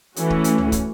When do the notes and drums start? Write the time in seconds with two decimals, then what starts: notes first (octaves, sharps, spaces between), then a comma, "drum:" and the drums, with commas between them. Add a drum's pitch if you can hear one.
0.16 E3 A3 C#4 F#4, drum: hi-hat
0.30 drum: kick
0.44 drum: hi-hat
0.58 drum: tom C#2
0.72 drum: kick, hi-hat